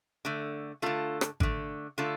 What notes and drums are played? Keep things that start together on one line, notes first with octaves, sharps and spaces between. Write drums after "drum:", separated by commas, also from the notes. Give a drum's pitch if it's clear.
D3 A3
D3 A3 F4 A4
drum: rim click
D3 A3, drum: kick G#1
D3 A3 F4 A4